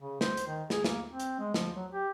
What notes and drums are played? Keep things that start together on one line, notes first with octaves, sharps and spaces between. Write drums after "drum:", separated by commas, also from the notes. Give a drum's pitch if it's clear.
C#3
C5, drum: snare
drum: hi-hat
D#3
G#4, drum: snare
A#3, drum: snare
C4
drum: hi-hat
G#3
F3, drum: snare
F#3
G4